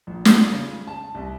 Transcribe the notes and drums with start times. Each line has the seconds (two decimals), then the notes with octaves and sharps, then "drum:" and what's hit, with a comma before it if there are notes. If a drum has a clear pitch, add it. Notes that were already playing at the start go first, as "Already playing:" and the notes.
0.07 A#1
0.25 F4, drum: snare
0.52 C#3
0.87 A5
1.15 C2